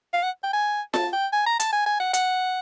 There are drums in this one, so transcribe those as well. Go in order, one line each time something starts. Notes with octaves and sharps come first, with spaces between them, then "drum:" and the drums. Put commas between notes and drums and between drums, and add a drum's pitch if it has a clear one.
F5
F#5
G5
G#5
A5, drum: snare F4
G5
G#5
A#5
A5, drum: hi-hat
G#5
G#5
F#5
F#5, drum: hi-hat